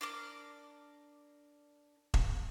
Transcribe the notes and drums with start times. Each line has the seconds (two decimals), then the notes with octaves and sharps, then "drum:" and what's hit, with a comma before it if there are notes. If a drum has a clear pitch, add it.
0.01 D4 A#4 D6
2.14 drum: kick E1